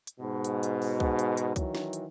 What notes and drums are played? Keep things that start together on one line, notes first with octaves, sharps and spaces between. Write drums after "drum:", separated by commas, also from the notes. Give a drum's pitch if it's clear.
drum: hi-hat
G#2 B2
drum: hi-hat
drum: hi-hat
drum: open hi-hat
drum: kick C2
drum: hi-hat
drum: hi-hat
D#3 E3 F#3, drum: kick C2, hi-hat
drum: snare
drum: hi-hat